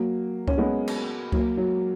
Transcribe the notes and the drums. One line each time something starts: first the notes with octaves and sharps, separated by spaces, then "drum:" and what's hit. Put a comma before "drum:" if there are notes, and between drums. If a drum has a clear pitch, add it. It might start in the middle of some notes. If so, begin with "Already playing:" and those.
Already playing: F#3 A#3
C#4, drum: kick C#2
G#3 B3
drum: cymbal
F#3 A#3, drum: kick C#2
F#3